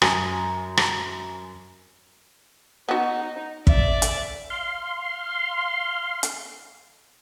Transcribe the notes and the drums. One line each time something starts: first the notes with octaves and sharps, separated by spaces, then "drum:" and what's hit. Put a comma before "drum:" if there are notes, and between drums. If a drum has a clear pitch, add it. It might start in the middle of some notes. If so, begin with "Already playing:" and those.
F#2 G#5 D#6 C#7 D#7, drum: rim click
drum: rim click
B3 D#4 F#4
D5 E5, drum: kick
drum: hi-hat
F5 C6
drum: hi-hat